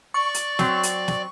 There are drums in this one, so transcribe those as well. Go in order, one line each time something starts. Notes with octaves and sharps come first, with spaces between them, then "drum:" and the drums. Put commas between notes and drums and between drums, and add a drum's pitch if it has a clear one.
D5 C#6
drum: hi-hat
F#3 C4, drum: snare
drum: hi-hat
drum: snare